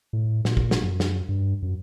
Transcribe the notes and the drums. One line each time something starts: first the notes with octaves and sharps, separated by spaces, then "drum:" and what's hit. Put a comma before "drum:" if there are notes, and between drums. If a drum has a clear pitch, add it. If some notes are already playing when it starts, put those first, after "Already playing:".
A2
A#2, drum: snare
drum: kick
drum: snare
F#2
drum: snare
G2
F#2